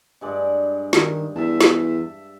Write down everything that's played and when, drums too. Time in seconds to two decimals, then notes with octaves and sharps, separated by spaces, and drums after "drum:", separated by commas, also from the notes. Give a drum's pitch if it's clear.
0.21 G2 G#3 D5
0.93 D#3, drum: snare
1.36 E2 E5 A5
1.61 drum: snare